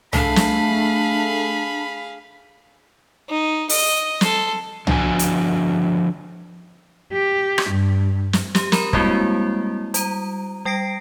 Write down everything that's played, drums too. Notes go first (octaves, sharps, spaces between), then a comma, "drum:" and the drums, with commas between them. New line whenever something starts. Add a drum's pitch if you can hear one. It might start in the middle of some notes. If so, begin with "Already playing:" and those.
A3 D4 G#4 F5 B5, drum: tom
drum: snare
D#4
D#5, drum: open hi-hat
A4 C6, drum: snare
D3 F3 D4 F#4 G#5, drum: tom
drum: hi-hat
G4
drum: rim click
G2
drum: snare
G4, drum: snare
A#4 A#5 B5, drum: snare
G3 G#3 A#3 C4 E4 F#4, drum: kick
G3 A#5, drum: hi-hat
G3 G5 A#6 C7 D7